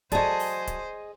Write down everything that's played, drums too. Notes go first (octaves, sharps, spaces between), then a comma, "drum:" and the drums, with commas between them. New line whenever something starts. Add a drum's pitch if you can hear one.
F#3 G#4 C5 D5 D#5 A5, drum: kick C#1, hi-hat
drum: open hi-hat
drum: kick C#1, hi-hat